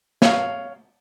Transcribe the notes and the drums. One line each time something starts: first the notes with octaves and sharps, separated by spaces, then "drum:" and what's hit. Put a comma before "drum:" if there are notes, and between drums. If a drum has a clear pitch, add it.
C#5 F5, drum: snare